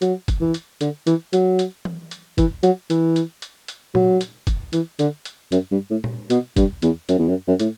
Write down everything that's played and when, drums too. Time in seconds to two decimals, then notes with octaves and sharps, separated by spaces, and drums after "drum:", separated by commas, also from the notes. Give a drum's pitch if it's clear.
0.02 F#3, drum: hi-hat
0.28 drum: kick, hi-hat
0.41 E3
0.54 drum: hi-hat
0.81 D3, drum: hi-hat
1.07 E3, drum: hi-hat
1.33 F#3, drum: hi-hat
1.59 drum: hi-hat
1.85 drum: tom E3
2.11 drum: hi-hat
2.38 E3, drum: kick, hi-hat
2.63 F#3, drum: hi-hat
2.90 E3, drum: hi-hat
3.16 drum: hi-hat
3.42 drum: hi-hat
3.68 drum: hi-hat
3.95 F#3, drum: tom
4.21 drum: hi-hat
4.47 drum: kick, hi-hat
4.73 E3, drum: hi-hat
4.99 D3, drum: hi-hat
5.25 drum: hi-hat
5.52 F#2, drum: hi-hat
5.71 G2
5.90 A2
6.04 drum: tom
6.30 B2, drum: hi-hat
6.57 G2, drum: kick, hi-hat
6.82 E2, drum: hi-hat
7.09 F#2, drum: hi-hat
7.19 E2
7.28 F#2
7.48 F#2
7.60 A2, drum: hi-hat